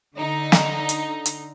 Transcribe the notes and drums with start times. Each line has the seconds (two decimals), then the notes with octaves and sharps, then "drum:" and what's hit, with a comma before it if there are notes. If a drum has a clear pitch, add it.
0.15 D3 D#4
0.52 drum: snare
0.89 drum: hi-hat
1.26 drum: hi-hat